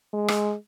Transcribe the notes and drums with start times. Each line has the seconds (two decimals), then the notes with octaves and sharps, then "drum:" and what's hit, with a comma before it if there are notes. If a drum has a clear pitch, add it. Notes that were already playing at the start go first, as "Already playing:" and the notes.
0.13 G#3
0.28 drum: rim click